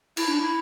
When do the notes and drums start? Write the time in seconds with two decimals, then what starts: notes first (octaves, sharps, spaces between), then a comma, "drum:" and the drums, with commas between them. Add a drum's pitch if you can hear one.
0.17 E4, drum: cymbal
0.28 D4
0.39 E4